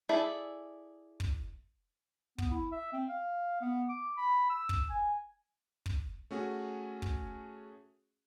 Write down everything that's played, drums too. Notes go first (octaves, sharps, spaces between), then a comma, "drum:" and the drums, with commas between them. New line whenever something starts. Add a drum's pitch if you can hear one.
E4 G#4 A4 D5 E5
drum: kick
B3, drum: kick
E4
E5
C4
F5
B3
D6
B5
E6
drum: kick
G#5
drum: kick
A3 C#4 F#4 G#4
drum: kick